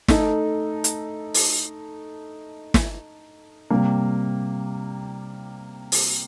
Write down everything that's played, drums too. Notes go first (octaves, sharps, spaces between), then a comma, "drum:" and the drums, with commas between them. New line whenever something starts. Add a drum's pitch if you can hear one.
A3 D#4 A4, drum: snare
drum: hi-hat
drum: open hi-hat
drum: snare
C3 G3 A#3
drum: open hi-hat